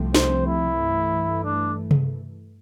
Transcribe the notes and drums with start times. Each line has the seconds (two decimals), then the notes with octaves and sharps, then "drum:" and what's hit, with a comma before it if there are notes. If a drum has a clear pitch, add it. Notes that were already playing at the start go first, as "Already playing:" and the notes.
Already playing: C2 C3 F3 A3 C4
0.14 C5, drum: snare
0.46 E4
0.79 G2 E3 A3
1.44 D4
1.91 drum: tom C3